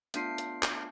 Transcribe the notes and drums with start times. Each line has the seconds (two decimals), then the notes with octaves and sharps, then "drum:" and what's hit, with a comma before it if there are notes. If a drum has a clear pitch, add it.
0.14 A3 B3 D4 F4 C7 D7, drum: hi-hat
0.38 drum: hi-hat
0.63 drum: clap